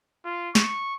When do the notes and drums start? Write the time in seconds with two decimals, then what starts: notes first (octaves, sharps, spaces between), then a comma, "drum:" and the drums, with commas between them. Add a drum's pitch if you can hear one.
0.25 F4
0.55 C#6, drum: snare